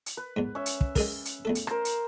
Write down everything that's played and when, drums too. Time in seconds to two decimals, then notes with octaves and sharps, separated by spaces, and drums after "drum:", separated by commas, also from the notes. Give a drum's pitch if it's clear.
0.06 drum: hi-hat
0.17 B4
0.36 E2 G#2
0.55 C#4 E5
0.66 drum: hi-hat
0.81 drum: kick
0.96 G#3 G#4 A#4, drum: kick, open hi-hat
1.25 drum: hi-hat
1.45 E2 A3 A4
1.55 drum: hi-hat
1.67 A#4 C5, drum: rim click
1.85 drum: hi-hat